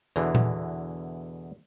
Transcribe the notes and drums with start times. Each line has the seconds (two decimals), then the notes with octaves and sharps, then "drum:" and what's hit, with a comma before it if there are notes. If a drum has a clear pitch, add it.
0.16 E2 B2 D3 E3, drum: hi-hat
0.35 drum: tom A#2